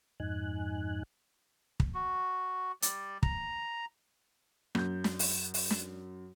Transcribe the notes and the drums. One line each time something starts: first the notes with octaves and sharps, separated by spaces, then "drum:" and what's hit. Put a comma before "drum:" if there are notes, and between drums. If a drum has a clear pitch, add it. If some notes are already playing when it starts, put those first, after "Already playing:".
F2 G#2 D#4 G#5 F#6
drum: kick
F#4
G3 D5, drum: hi-hat
A#5, drum: kick
F#2 G6, drum: rim click
drum: snare
drum: open hi-hat
drum: open hi-hat
drum: snare